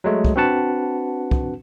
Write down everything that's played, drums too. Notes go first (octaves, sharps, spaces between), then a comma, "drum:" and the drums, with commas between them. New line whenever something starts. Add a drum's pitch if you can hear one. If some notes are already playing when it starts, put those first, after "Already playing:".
F#3 G#3 A3
drum: kick
C4 D4 F#4 B4 F#5 A5
drum: kick